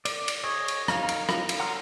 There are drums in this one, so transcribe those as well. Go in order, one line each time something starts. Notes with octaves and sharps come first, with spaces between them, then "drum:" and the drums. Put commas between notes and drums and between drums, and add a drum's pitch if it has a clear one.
D5, drum: cymbal
drum: cymbal
G#4 C#5 D#5
drum: cymbal
D#4 F5, drum: rim click
drum: cymbal
drum: rim click
drum: cymbal
F#5 A#5 C6 E6 F6